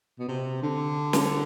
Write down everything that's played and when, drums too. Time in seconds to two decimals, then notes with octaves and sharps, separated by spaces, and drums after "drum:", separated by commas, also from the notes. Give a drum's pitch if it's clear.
0.19 B2
0.28 C3
0.63 D3
1.13 drum: snare